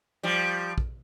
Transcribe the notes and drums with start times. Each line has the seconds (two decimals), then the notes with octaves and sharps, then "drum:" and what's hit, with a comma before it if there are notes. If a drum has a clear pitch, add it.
0.23 F3 G3
0.78 drum: kick